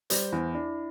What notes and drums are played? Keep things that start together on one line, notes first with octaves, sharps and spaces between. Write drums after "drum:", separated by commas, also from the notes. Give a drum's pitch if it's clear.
G3 C5, drum: hi-hat
E2 E4
D4 E4